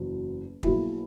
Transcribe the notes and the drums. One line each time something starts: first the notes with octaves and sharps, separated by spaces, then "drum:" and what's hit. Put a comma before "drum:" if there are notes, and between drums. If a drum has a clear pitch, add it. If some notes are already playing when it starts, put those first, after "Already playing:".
Already playing: F#1 E2 B2
B1 B2 A#3 E4 G#4, drum: kick